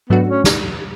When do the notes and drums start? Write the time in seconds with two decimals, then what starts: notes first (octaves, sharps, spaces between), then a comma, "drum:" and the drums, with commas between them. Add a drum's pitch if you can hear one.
0.10 G#2 F#3 A3 B3 D4 F#4
0.29 C#4
0.44 drum: snare